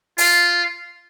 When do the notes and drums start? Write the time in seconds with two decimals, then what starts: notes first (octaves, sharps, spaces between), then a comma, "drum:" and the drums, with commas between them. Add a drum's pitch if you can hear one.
0.18 F4, drum: open hi-hat